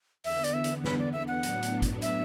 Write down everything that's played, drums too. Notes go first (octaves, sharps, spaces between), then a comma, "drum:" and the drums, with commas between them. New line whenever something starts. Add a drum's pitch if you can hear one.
E2 D3 B3 E5, drum: open hi-hat
D5, drum: hi-hat
E5
drum: hi-hat
B4, drum: snare
D5
E5
F#5
A2 F#3 B3 D4, drum: hi-hat
drum: hi-hat
drum: kick, hi-hat
E5, drum: hi-hat